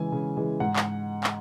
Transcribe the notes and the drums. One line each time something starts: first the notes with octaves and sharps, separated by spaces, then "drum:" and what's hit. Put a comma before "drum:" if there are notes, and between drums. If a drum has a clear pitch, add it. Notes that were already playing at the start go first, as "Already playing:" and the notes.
Already playing: C#3 E3 G#3 G#5
C#3
E3 G#3
G#2 F#5
drum: clap
drum: clap